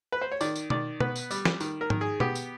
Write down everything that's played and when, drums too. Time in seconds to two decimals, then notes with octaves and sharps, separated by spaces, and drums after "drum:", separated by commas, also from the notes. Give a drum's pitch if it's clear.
0.12 B4
0.22 C5
0.32 C#5
0.41 D#3 D5, drum: tambourine
0.56 drum: tambourine
0.70 D#3 D5, drum: tom B2
1.00 B3 B4, drum: tom B2
1.15 drum: tambourine
1.31 G3, drum: tambourine
1.45 drum: snare
1.60 D#3, drum: tambourine
1.81 A#4
1.90 D#3, drum: tom G#2
2.01 G#4
2.20 B3 G4, drum: tom B2
2.35 drum: tambourine